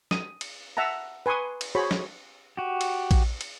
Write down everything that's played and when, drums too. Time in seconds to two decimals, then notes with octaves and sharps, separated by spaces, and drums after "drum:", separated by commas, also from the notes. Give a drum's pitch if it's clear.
0.11 D#6, drum: snare
0.41 drum: cymbal
0.77 E5 F#5 A5 A#5
1.26 B4 G#5 C6 C#6 D#6
1.61 drum: cymbal
1.75 F#4 G#4 C5 C#5 B5
1.91 drum: snare
2.57 F#4 G4
2.81 drum: cymbal
3.11 drum: kick A#1, cymbal
3.41 drum: cymbal